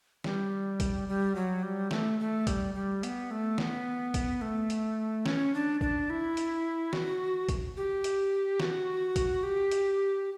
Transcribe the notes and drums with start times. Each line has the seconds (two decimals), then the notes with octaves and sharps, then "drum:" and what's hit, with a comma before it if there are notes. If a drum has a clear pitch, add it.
0.24 G3, drum: snare
0.80 drum: kick, hi-hat
1.08 G3
1.35 F#3
1.63 G3
1.91 A3, drum: snare
2.20 A3
2.47 G3, drum: kick, hi-hat
2.74 G3
3.03 B3, drum: hi-hat
3.31 A3
3.58 B3, drum: snare
4.14 drum: kick, hi-hat
4.41 A3
4.70 drum: hi-hat
5.26 C#4, drum: snare
5.54 D4
5.81 D4, drum: kick
6.10 E4
6.37 drum: hi-hat
6.93 F#4, drum: snare
7.49 drum: kick, hi-hat
7.77 G4
8.04 drum: hi-hat
8.60 F#4, drum: snare
9.16 drum: kick, hi-hat
9.43 G4
9.71 drum: hi-hat